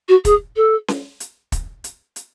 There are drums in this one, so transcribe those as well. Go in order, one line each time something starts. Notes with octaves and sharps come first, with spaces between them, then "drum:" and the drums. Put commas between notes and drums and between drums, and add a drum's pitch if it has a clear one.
F#4
G#4, drum: kick, hi-hat
A4
drum: snare C#4
drum: hi-hat
drum: kick, hi-hat
drum: hi-hat
drum: hi-hat